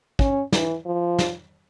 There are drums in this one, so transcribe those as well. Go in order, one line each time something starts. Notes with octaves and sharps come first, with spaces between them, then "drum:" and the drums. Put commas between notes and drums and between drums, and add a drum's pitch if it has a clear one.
C#4, drum: kick
E3, drum: snare
F3
drum: snare